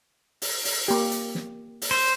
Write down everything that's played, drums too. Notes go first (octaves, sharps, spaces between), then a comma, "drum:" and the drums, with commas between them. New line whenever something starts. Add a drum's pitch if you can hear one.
drum: open hi-hat
drum: open hi-hat
A#3 G4
drum: hi-hat
drum: snare
drum: open hi-hat
C5